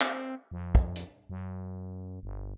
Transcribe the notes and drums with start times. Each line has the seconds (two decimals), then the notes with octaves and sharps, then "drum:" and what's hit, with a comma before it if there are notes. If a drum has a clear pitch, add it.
0.01 C4, drum: clap
0.51 F2
0.75 drum: kick
0.96 drum: hi-hat
1.30 F#2
2.23 G1